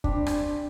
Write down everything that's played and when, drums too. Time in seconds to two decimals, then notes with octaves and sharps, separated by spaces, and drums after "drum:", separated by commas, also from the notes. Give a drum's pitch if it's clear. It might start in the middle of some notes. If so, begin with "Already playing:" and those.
0.04 G3 C4 D4 G4, drum: kick
0.26 drum: rim click